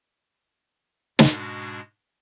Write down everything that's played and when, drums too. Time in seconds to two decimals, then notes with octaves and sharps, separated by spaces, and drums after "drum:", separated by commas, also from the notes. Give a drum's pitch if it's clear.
1.19 G#2 B2 G#3 D4 F#4, drum: snare